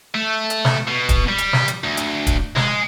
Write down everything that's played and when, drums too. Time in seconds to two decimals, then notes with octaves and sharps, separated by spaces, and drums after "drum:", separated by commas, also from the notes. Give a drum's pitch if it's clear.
0.15 A3
0.50 drum: hi-hat
0.65 drum: snare
0.88 B2
1.09 drum: kick, hi-hat
1.29 G3
1.38 drum: hi-hat
1.53 drum: snare
1.68 drum: hi-hat
1.84 D2
1.97 drum: hi-hat
2.27 drum: kick, hi-hat
2.56 G#3, drum: snare